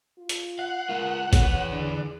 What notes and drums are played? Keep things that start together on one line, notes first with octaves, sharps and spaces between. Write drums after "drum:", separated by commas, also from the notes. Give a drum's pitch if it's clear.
F4
drum: hi-hat
F5 F#5
G#3 F4 A#4
E2 B3 C#5, drum: kick, hi-hat
D3 G#4